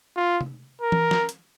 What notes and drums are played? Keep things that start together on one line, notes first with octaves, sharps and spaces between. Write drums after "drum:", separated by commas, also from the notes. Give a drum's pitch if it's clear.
F4
drum: tom C3
A#4
drum: tom E3
drum: snare
drum: hi-hat